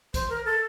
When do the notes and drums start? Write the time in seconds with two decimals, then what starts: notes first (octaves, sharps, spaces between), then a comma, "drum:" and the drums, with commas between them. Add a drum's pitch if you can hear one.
0.14 C5, drum: kick, hi-hat
0.30 A#4
0.45 A4